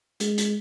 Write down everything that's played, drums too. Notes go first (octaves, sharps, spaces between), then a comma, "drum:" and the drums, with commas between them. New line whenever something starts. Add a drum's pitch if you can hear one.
G#3, drum: hi-hat
drum: hi-hat